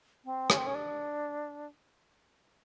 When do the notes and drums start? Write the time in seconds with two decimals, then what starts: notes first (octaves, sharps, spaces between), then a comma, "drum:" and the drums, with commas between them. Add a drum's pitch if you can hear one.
0.25 C4
0.50 C#4, drum: rim click
0.58 C4
0.67 C#4
0.75 D4